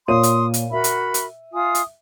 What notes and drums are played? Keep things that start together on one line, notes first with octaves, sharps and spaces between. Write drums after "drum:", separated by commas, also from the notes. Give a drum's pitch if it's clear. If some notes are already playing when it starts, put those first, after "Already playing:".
A#2 C#5 C6 D#6 D#7
drum: hi-hat
drum: hi-hat
F#4 A#4 E5 B5
drum: hi-hat
drum: hi-hat
F4 G#5 D#6
drum: hi-hat